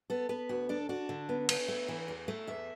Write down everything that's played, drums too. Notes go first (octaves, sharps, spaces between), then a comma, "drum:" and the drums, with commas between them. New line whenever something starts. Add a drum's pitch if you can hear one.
B3 A4
B3 B4
D2 F#4
D4 A4
D4 F#4
D3
B3
B3, drum: cymbal
A3
E3
E2
A3
E2 E5